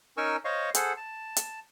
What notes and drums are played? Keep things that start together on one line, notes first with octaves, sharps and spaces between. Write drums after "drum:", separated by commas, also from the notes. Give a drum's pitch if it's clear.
C#4 D#4 A#4 G#5 C#6 E6
C5 C#5 D#5 F5 C#6
G#4 A4 C5 F#5, drum: hi-hat
A5
drum: hi-hat